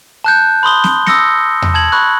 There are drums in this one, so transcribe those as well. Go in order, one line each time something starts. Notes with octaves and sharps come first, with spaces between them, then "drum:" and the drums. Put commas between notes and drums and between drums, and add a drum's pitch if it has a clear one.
A5 F#6 G6
B5 C6 D#6 G7
drum: snare
D#6 E6 A#6 C#7, drum: snare
drum: tom E2
A5 G#6 F#7
B5 C#6 F#6